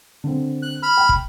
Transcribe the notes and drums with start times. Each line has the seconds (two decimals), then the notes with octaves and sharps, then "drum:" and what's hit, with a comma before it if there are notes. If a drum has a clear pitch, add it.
0.24 D3 C4
0.63 F#6
0.83 B5 F6
0.97 G5
1.09 drum: kick